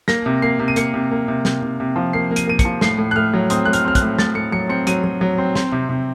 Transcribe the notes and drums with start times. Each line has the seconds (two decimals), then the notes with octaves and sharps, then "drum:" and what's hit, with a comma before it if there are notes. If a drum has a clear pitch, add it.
0.08 A#3 A#6, drum: snare
0.26 C3
0.42 A#3 C7
0.59 C3
0.68 D#7
0.76 A#3 C#7, drum: hi-hat
0.94 C3
1.11 A#3
1.28 C3
1.45 C3, drum: snare
1.62 C3
1.80 C3
1.96 F3
2.13 A#3 C7
2.31 A#3
2.36 D#7, drum: hi-hat
2.47 A#3 D#7
2.59 C#7, drum: kick, hi-hat
2.65 F3
2.81 A2 C7, drum: snare
2.98 A2
3.11 F#6
3.16 A2 F6
3.33 F#3
3.50 C4 D#6, drum: hi-hat
3.65 A2 F#6
3.73 F6, drum: hi-hat
3.85 C4 F6
3.95 F#6, drum: kick, hi-hat
4.02 A2
4.18 A2 A6, drum: snare
4.35 A2 C#7
4.52 F#3 C#7
4.69 C4 C#7
4.87 F#3 D#7, drum: hi-hat
5.04 F#3
5.21 F#3
5.38 C4
5.55 C4, drum: snare
5.72 C3
5.89 C3